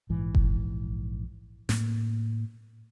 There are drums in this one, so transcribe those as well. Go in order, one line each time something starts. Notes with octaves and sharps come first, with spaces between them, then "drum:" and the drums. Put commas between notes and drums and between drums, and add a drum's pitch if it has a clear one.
A#1 G#2 E3
drum: kick F#1
A2 A#3, drum: snare